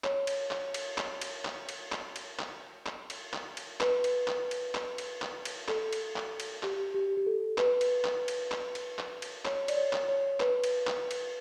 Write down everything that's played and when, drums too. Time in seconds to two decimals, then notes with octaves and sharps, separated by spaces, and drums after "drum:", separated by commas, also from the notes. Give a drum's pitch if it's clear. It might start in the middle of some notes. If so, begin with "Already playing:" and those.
0.04 C#5, drum: clap
0.27 drum: cymbal
0.51 drum: clap
0.74 drum: cymbal
0.98 drum: clap
1.22 drum: cymbal
1.45 drum: clap
1.69 drum: cymbal
1.92 drum: clap
2.16 drum: cymbal
2.39 drum: clap
2.86 drum: clap
3.10 drum: cymbal
3.33 drum: clap
3.57 drum: cymbal
3.81 B4, drum: clap
4.04 drum: cymbal
4.28 drum: clap
4.51 drum: cymbal
4.75 drum: clap
4.98 drum: cymbal
5.22 drum: clap
5.45 drum: cymbal
5.68 A4, drum: clap
5.93 drum: cymbal
6.16 drum: clap
6.40 drum: cymbal
6.63 G4, drum: clap
6.94 G4
7.17 G4
7.27 A4
7.58 B4, drum: clap
7.81 drum: cymbal
8.04 drum: clap
8.28 drum: cymbal
8.52 drum: clap
8.75 drum: cymbal
8.99 drum: clap
9.22 drum: cymbal
9.45 C#5, drum: clap
9.68 D5, drum: cymbal
9.77 C#5
9.93 drum: clap
10.09 C#5
10.40 B4, drum: clap
10.64 drum: cymbal
10.87 drum: clap
11.11 drum: cymbal